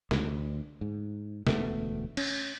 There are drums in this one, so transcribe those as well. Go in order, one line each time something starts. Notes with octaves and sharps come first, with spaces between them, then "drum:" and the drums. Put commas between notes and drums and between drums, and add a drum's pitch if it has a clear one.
D2, drum: snare
G#2
E1 D2 A3 B3, drum: snare
C#4, drum: cymbal